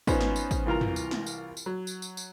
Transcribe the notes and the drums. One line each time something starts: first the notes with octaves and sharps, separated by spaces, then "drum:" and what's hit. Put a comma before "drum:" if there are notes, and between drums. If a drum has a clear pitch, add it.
B3 C#4 D#4 F4 B4 C5, drum: kick, tambourine
drum: snare
drum: tambourine
drum: kick, tambourine
C2 E3 F4 A#4 A#5
drum: tom
drum: tambourine
drum: snare
drum: tambourine
drum: tambourine
F#3
drum: tambourine
drum: tambourine
drum: tambourine